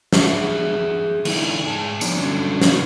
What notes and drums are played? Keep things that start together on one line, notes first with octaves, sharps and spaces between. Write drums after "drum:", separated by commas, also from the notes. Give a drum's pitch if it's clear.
drum: snare
G#4 E5 F#5
D#3 A3 C#4 D#4 E4, drum: cymbal
G#2 G#3 A5
F3 B3 D4 D#4 C#5 D5, drum: tambourine
G2 D3 F#3 C#4 D4
C#3 F#3, drum: snare